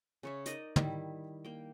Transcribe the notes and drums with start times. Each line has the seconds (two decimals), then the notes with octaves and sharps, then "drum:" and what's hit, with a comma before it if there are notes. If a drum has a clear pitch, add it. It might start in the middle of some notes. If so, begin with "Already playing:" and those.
0.23 C#3 C#5 E5
0.46 D#4 A#4 D5 D#5, drum: hi-hat
0.76 D#3 G3 E4, drum: tom
1.45 A#3 G5